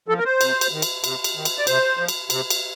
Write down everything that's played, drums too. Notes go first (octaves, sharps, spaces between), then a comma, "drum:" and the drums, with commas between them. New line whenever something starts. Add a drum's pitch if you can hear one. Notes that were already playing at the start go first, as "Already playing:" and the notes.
F3 A4
A#4
C5
C3, drum: cymbal
drum: cymbal
D#3
drum: cymbal
C3, drum: cymbal
drum: cymbal
D#3
drum: cymbal
D5
C3 C5, drum: cymbal
F3
drum: cymbal
C3, drum: cymbal
drum: cymbal